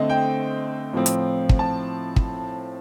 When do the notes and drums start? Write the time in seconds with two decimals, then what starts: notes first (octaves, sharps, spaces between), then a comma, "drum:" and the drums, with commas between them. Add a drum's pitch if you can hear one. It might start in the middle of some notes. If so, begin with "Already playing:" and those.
Already playing: D3 A3 C4 C5 D#5
0.09 G5
0.93 A2 F3 C4
1.06 drum: hi-hat
1.49 drum: kick
1.59 A5
2.16 drum: kick